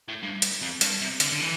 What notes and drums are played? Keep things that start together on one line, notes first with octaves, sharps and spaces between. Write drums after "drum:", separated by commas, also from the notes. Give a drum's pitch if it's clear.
A2
G2
drum: hi-hat
F2
G2, drum: hi-hat
C3
D3, drum: hi-hat
D3
E3